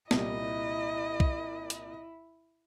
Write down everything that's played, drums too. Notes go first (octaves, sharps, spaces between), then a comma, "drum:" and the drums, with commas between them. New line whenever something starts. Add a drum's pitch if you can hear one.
C2 A#2 G3 E4 D#5, drum: snare
drum: kick C2
drum: hi-hat